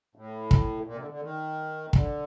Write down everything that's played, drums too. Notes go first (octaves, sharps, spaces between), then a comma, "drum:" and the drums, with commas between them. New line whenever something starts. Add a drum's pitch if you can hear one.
A2
drum: kick
A#2
C3
D3
D3
D#3
D3, drum: kick